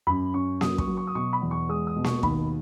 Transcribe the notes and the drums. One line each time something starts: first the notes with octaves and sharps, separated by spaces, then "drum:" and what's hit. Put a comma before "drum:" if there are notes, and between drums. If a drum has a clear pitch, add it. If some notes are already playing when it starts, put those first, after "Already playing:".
F#2 B5
C#4 C#6
F#3 D#6, drum: snare A#3
C#6, drum: kick
F#3
C#6
D#6
B2 C#6
B5
E2
C#6
G#3 D#6
D#6
B2
C#6, drum: snare A#3
D#2 B5, drum: kick